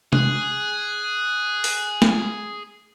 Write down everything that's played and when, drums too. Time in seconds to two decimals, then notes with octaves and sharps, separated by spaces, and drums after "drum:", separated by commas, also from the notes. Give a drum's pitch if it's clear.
0.13 G#4 F#6, drum: tom C3
1.64 drum: open hi-hat
2.02 drum: snare